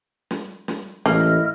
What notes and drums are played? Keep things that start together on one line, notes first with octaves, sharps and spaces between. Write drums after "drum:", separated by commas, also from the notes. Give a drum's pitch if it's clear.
drum: snare
drum: snare
A1 A#3 E4 D#5 F6, drum: snare